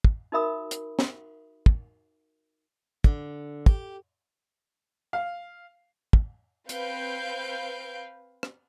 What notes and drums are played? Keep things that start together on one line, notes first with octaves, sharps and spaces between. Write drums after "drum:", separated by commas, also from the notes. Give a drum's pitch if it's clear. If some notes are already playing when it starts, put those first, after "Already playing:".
drum: kick
D#4 F#4 A#4 E5 B5 D#6
drum: hi-hat
drum: snare
drum: kick
D3, drum: kick
G4, drum: kick
F5
drum: kick
C4 B4 F5 G6 D7, drum: hi-hat
drum: rim click